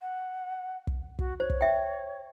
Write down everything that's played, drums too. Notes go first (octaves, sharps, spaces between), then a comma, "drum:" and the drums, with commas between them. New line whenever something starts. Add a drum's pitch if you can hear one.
F#5
drum: kick
F#4, drum: kick
C5 C#5
drum: kick
E5 G5